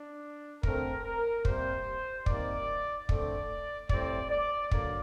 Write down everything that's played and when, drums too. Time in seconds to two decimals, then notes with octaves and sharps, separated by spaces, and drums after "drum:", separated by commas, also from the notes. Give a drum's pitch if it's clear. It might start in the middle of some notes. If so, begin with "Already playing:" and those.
Already playing: D4
0.63 D3 A3 C4 A#4, drum: kick
1.04 A#4
1.45 C3 G3 A#3 C5, drum: kick
2.26 C3 D#3 G3 A#3 D5, drum: kick
3.09 D3 A3 C4 D5, drum: kick
3.89 A2 G3 C4 D5, drum: kick
4.30 D5
4.71 D3 F#3 A#3 D5, drum: kick